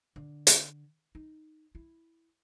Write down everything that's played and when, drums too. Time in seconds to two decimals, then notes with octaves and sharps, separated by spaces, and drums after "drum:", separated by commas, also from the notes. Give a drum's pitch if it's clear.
0.16 D3
0.47 drum: hi-hat
1.15 D#4
1.75 E4